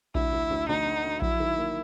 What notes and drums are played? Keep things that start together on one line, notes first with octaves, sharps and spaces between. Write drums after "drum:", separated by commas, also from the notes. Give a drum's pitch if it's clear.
D2 E4, drum: kick A#1
D2
D2
D2 D#4
D3
D3
F#3 E4, drum: kick A#1
D#3
A#3